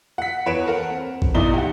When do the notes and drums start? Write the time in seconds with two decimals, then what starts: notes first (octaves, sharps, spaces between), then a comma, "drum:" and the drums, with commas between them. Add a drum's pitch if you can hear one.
0.18 F#5 B6
0.46 E2 B4 C#5 D7 E7
0.66 A4 A#4 F#5
0.90 C4
1.22 drum: kick
1.34 B1 E2 D#4 E4 D5 G7
1.54 G4 F#5